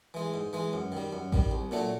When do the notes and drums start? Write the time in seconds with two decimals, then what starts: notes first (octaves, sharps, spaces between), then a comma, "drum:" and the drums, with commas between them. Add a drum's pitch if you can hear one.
0.14 E3 G#3
0.34 G#2
0.53 E3 G#3
0.73 F#2
0.92 D#3 G3
1.13 F#2
1.33 D#3 G3, drum: kick A1
1.51 C2
1.71 A#2 F#3 A3 D4